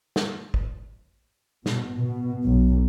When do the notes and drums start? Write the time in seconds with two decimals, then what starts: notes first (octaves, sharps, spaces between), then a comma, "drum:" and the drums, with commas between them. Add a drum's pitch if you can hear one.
0.16 drum: snare
0.54 drum: kick
1.66 B2, drum: snare
1.97 B2
2.44 B1